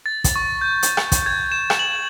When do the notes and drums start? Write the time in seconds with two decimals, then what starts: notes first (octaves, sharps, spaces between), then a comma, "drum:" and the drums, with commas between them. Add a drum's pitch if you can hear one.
0.06 A6
0.24 drum: kick, hi-hat
0.36 C#6
0.61 G6
0.83 drum: hi-hat
0.97 drum: rim click
1.12 drum: kick, hi-hat
1.26 G#6
1.52 E7
1.70 drum: rim click
1.79 F#7